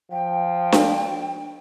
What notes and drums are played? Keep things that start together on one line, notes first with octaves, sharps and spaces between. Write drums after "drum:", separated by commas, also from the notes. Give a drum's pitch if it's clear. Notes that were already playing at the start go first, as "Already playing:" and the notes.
F3 G5
drum: snare D4